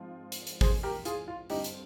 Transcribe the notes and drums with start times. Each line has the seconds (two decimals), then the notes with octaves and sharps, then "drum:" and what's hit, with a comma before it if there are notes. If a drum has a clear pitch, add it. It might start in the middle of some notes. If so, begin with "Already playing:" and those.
Already playing: G#2 F3 C4 F4
0.32 drum: hi-hat
0.47 drum: hi-hat
0.61 G#4 C5, drum: kick G#1, open hi-hat
0.83 G4 A#4
1.05 F4 G#4, drum: hi-hat
1.28 F4
1.50 G2 D3 G3 C4 D#4 G4, drum: open hi-hat
1.64 drum: hi-hat